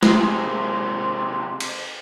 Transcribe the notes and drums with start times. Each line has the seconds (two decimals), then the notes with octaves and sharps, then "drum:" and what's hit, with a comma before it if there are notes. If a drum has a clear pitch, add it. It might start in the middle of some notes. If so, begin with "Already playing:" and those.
0.03 C3 G#3, drum: snare
1.60 drum: cymbal